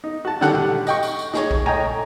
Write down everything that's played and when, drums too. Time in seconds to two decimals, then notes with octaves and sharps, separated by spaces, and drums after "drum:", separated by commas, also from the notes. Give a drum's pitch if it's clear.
0.04 D#4
0.25 F#4 A5
0.41 D3 D#3 G3 G4 F#5 F#6, drum: snare
0.55 drum: tom
0.87 D#5 G5 C#6, drum: tambourine
1.03 drum: tambourine
1.19 drum: tambourine
1.33 D#4 G#4 C#5, drum: snare
1.51 drum: kick B1
1.66 C#5 D#5 G5 G#5 A#5, drum: tom